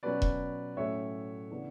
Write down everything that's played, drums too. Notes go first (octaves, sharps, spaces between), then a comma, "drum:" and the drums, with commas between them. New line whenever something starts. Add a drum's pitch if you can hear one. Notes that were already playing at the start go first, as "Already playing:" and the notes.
B2 F#3 C#4 B4 D5
drum: kick E1
A2 F#3 A3 C#4 C#5 E5
C#3 E3 B3 D4